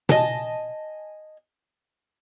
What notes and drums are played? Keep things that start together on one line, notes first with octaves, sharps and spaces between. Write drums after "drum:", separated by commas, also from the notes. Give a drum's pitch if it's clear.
D#5 G#5 A5, drum: tom B2